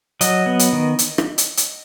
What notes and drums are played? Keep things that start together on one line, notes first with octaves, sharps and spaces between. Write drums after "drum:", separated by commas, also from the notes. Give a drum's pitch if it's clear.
F#3 D#5, drum: hi-hat
B3
drum: hi-hat
D#3
drum: hi-hat
drum: rim click
drum: hi-hat
drum: hi-hat